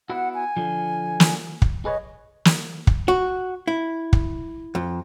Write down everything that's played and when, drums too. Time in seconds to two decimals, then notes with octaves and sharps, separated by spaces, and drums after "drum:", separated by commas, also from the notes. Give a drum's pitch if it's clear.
0.10 B3 E4 F#4 F#5
0.34 G#5
0.57 D3 F3
1.20 drum: snare
1.62 drum: kick
1.85 G#4 B4 C#5 D#5
2.45 drum: snare
2.87 drum: kick
3.08 F#4
3.68 E4
4.13 drum: kick
4.75 F2